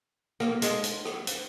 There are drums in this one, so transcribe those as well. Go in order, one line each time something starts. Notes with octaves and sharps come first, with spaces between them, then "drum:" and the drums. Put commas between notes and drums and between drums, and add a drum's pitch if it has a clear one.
A#3, drum: rim click
G#3, drum: hi-hat
drum: hi-hat
drum: rim click
drum: hi-hat